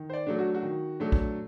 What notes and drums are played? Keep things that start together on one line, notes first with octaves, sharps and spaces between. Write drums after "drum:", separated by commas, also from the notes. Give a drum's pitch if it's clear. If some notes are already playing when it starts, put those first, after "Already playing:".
Already playing: D#3
C5
D5
F#3 A3 D4
F#4
F#4
D#3
F#3 A3 D4
drum: kick